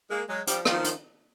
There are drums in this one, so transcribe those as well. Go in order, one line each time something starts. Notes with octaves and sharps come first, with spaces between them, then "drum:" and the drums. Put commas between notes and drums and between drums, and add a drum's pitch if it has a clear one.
G#3 A#3
F#3 G#3
F3 G3, drum: hi-hat
D#3 F3, drum: rim click
drum: hi-hat